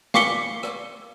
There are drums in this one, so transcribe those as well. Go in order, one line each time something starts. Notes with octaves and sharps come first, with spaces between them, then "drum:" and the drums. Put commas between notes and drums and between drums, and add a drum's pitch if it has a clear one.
F5 C#6 D6 B6 C#7 G7, drum: snare
drum: rim click